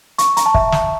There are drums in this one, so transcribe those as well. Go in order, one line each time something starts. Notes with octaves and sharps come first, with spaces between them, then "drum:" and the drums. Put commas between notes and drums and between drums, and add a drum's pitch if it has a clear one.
C#6, drum: hi-hat
A#5, drum: hi-hat
A5
E5, drum: kick
drum: snare